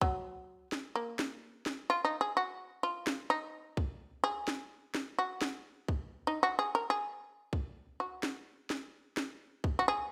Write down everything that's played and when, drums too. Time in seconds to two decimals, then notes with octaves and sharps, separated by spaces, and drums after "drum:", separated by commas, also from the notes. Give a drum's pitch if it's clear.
0.01 F#3, drum: kick C2
0.72 drum: snare
0.95 A#3
1.19 drum: snare
1.66 drum: snare
1.90 F4
2.05 D#4
2.21 G#4
2.37 F#4
2.83 F4
3.07 drum: snare
3.30 D#4
3.77 drum: kick C2
4.24 G#4
4.48 drum: snare
4.95 drum: snare
5.19 F#4
5.42 drum: snare
5.88 drum: kick C2
6.27 D#4
6.43 F#4
6.59 G#4
6.75 A#4
6.90 G#4
7.53 drum: kick C2
8.00 F#4
8.23 drum: snare
8.70 drum: snare
9.17 drum: snare
9.64 drum: kick C2
9.79 F#4
9.88 G#4